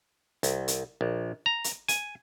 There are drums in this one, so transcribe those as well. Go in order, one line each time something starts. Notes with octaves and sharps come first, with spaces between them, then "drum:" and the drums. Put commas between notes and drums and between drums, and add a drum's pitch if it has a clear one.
C2, drum: hi-hat
drum: hi-hat
A#1
A#5
drum: hi-hat
G#5, drum: hi-hat